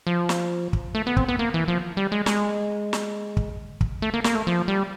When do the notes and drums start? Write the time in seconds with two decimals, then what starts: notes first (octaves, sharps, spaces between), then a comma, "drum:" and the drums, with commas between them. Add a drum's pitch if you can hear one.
0.07 F3
0.29 drum: snare
0.73 drum: kick
0.95 A3
1.07 B3
1.17 C4, drum: kick
1.28 B3
1.39 A#3
1.54 E3
1.68 F3
1.97 G3
2.12 G#3
2.26 G#3, drum: snare
2.93 drum: snare
3.37 drum: kick
3.81 drum: kick
4.02 A3
4.14 A#3
4.24 A#3, drum: snare
4.35 A3
4.47 F3
4.68 G3